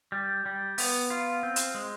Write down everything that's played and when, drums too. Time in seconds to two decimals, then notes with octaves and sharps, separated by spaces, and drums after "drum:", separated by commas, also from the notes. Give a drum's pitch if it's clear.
0.12 G3
0.46 G3
0.78 B3, drum: open hi-hat
1.10 F4
1.43 C4
1.56 drum: hi-hat
1.75 G#3